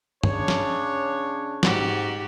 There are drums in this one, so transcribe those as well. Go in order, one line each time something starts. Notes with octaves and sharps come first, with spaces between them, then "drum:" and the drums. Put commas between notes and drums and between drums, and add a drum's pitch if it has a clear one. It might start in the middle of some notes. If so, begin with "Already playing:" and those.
C#3 D4 C#5, drum: tom G2
drum: snare
G#2 F#4 G4, drum: snare